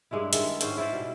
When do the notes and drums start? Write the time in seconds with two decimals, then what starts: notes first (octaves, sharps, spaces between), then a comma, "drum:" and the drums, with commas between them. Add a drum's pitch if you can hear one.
0.11 G2 G#3 A#3 E4
0.33 D#3 G#3 E4 A4, drum: hi-hat
0.61 G#2 C#4 C5 G5, drum: hi-hat
0.77 E4 B4 C5 D5
0.93 B2 G3